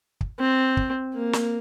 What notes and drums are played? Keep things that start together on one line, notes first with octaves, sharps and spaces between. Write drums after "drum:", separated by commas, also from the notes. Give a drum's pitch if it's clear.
drum: kick
C4
drum: kick
A#3
drum: snare